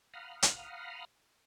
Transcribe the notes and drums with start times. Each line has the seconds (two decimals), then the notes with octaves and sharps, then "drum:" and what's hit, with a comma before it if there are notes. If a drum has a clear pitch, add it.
0.14 F5 F#5 A#5 B5 D#6 F6
0.43 drum: hi-hat